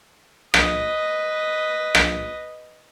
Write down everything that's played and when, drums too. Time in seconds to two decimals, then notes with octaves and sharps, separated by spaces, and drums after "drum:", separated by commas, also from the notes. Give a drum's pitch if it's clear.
0.54 B4 D#5, drum: rim click
1.95 drum: rim click